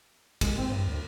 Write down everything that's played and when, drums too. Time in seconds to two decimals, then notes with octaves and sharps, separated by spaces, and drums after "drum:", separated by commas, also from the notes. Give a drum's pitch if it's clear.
0.41 G#3, drum: kick, cymbal
0.58 C4
0.72 G2
0.86 D2